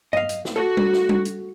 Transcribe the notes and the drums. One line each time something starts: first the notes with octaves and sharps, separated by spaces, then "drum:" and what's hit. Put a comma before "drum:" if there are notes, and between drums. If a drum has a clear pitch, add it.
D#5 F5, drum: tom G2
drum: hi-hat
drum: snare
F#4 A4
drum: tom G3
drum: snare
drum: tom G3
drum: hi-hat